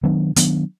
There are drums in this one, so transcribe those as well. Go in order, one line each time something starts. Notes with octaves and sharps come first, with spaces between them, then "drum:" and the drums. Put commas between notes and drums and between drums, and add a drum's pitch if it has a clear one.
D#3 F#3 B3 D4
D#3 F#3 B3 D4, drum: hi-hat